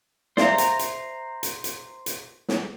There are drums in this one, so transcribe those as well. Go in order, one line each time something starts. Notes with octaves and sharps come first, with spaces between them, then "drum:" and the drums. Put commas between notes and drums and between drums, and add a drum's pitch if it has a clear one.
C5 D5 E5 F5 A#5, drum: snare
drum: hi-hat
drum: hi-hat
drum: hi-hat
drum: hi-hat
drum: hi-hat
drum: snare